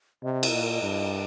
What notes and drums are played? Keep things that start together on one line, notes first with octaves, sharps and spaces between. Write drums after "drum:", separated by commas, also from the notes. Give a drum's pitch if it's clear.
C3 D#5
drum: cymbal
A#2
G2